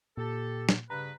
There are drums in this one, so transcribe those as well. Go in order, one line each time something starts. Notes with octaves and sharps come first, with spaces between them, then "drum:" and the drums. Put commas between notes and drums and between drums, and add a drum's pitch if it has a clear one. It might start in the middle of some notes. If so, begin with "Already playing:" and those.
A#2 G4 A4
drum: snare
G2 C#3 B4 A#5